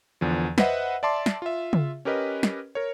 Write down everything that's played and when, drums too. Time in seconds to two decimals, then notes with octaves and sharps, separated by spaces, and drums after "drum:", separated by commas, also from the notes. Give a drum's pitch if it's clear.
0.21 E2 D3 F3
0.58 B4 C5 D#5 E5 F#5, drum: snare
1.03 D5 E5 A5 C6 D6
1.26 drum: snare
1.42 F4 E5
1.73 drum: tom C#3
2.05 C#4 G4 A#4 B4 D#5
2.43 drum: snare
2.75 A#4 C#5